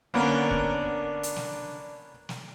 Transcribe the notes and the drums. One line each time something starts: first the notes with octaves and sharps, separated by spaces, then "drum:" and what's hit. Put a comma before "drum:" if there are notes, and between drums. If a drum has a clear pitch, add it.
D3 A#3 B3 C#4 A#4
drum: kick
drum: hi-hat
drum: snare
drum: snare